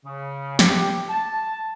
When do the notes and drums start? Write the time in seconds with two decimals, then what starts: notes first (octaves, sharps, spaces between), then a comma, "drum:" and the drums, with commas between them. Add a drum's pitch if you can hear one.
0.06 C#3
0.59 G4, drum: snare
1.09 A5